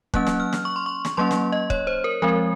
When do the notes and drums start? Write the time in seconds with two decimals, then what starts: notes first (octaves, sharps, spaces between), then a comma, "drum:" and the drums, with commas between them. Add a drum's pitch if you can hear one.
0.14 F#3 A#3 C#4 F#6, drum: kick
0.26 drum: snare
0.40 F6
0.52 drum: snare
0.65 C#6
0.76 C6
0.86 C#6
1.05 drum: snare
1.17 F#3 A#3 C#4 C6
1.31 drum: snare
1.52 D#5
1.70 C#5, drum: kick
1.87 C5
2.04 A#4
2.22 F3 G#3 C4 A#4